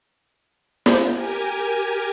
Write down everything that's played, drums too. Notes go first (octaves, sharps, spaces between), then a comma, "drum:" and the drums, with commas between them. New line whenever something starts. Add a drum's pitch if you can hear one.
drum: snare
G4 A#4 G#5